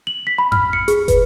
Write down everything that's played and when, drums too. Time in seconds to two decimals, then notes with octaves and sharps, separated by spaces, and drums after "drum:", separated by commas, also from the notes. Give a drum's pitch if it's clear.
0.07 F#7
0.27 B6
0.38 B5
0.52 F6, drum: tom F2
0.73 C#7
0.88 G#4, drum: hi-hat
1.08 B4, drum: kick, hi-hat